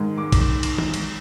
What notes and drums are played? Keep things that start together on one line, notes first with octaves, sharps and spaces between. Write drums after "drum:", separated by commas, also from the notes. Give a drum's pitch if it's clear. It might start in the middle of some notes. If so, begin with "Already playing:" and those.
Already playing: G#2 D#3 G#3
D6
drum: kick A1, cymbal
drum: cymbal
drum: tom
drum: cymbal